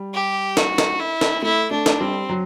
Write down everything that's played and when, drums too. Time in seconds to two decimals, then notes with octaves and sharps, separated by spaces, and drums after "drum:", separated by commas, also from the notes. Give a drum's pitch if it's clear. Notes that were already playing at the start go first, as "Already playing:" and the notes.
Already playing: G3
0.14 G4
0.57 F#4, drum: snare
0.78 drum: snare
1.00 E4
1.21 drum: snare
1.42 A3 E4
1.71 A3 D4
1.86 drum: snare
2.00 G3 C4
2.29 F#3